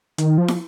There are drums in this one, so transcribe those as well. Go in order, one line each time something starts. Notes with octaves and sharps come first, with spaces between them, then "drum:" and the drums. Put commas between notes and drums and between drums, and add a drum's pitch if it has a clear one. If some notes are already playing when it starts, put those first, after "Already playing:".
D#3, drum: hi-hat
F3
drum: snare